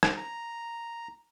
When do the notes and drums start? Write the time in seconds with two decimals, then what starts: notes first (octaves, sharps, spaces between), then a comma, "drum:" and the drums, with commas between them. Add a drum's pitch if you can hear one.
0.03 drum: rim click
0.17 A#5